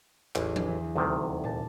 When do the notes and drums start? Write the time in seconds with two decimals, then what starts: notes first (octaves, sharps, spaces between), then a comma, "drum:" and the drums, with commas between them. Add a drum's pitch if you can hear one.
0.35 A1 E2, drum: clap
0.56 drum: tom F3
0.67 E3
0.96 D#1 D2 C3 D#3
1.44 A#2 A5